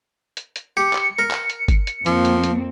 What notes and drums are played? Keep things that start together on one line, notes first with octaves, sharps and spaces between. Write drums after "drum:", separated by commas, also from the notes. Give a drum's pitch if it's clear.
drum: hi-hat
drum: hi-hat
G4 C#7
drum: clap
A#4
drum: clap
drum: hi-hat
drum: kick G1, hi-hat
drum: hi-hat
F2 F3 A#3 C4, drum: hi-hat
drum: hi-hat
drum: hi-hat